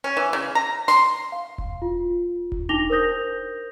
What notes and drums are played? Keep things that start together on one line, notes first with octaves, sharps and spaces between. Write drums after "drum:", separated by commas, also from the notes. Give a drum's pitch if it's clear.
C#4
E3
C#3
A#5
C6, drum: snare
F5
drum: kick E1
F4
drum: kick E1
D4 D#4 D6 A#6 F7 G7
A#4 C5 D#6 G6 A#6